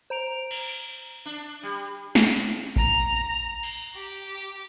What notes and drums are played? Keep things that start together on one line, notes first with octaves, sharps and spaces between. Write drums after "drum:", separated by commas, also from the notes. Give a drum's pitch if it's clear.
C5 A#5 D7 F7
drum: cymbal
D4
G3
drum: snare
drum: hi-hat
A#5, drum: kick A1
drum: cymbal
G4